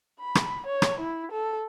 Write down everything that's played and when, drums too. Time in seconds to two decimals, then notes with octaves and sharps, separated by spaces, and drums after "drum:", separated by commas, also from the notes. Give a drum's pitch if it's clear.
0.20 B5
0.35 drum: rim click
0.66 C#5
0.82 drum: rim click
1.00 E4
1.32 A4